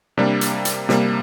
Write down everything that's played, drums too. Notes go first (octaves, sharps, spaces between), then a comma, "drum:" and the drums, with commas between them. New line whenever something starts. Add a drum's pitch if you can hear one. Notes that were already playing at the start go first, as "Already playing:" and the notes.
C3 G3 A#3 D4
drum: hi-hat
drum: hi-hat
C3 G3 A#3, drum: snare